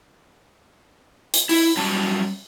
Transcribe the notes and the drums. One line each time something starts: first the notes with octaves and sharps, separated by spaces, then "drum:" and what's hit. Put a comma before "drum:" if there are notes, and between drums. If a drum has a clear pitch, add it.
drum: hi-hat
E4, drum: open hi-hat
F#3 G3 C#4 A5